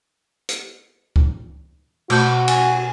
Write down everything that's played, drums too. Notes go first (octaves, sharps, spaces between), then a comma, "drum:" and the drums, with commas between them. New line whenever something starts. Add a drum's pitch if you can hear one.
drum: hi-hat
drum: kick C#2
B2 A3 F#4 G6, drum: cymbal
G#5, drum: cymbal